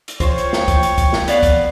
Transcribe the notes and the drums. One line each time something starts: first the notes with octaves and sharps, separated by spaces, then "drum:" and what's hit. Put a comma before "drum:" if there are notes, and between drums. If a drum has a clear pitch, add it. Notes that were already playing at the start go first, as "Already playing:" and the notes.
drum: hi-hat
F4 C5 C#5 G5, drum: kick C#2, hi-hat
drum: hi-hat
drum: snare
drum: kick C#2, hi-hat
drum: hi-hat
drum: kick C#2, hi-hat
drum: snare
B3 D5 F5, drum: hi-hat
drum: kick C#2, hi-hat